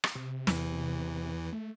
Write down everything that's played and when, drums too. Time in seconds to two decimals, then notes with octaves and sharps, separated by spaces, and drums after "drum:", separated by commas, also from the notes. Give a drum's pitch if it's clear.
0.04 drum: rim click
0.15 C3
0.47 E2 E3, drum: snare
1.53 A3